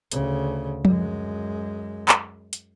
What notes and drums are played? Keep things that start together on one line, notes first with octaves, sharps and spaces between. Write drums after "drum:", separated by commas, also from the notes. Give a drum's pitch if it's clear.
D2 C#3, drum: hi-hat
F#2 G#3, drum: tom F3
drum: clap
drum: hi-hat